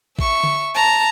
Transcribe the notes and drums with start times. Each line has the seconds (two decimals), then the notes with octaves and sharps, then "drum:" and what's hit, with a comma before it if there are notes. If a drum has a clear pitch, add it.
0.19 E5 C#6, drum: kick A1
0.44 drum: tom D3
0.74 A5 A#5